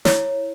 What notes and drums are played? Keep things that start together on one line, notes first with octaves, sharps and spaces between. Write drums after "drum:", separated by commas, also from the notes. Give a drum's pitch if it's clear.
E4 C#5, drum: snare